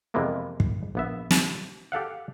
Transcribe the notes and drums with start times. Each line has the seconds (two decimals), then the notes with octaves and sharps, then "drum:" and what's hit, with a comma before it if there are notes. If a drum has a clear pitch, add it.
0.14 F2 C3 E3 G#3 A#3 B3
0.60 drum: kick
0.95 A#1 B3 E5
1.31 drum: snare
1.92 G4 A4 F5 F#5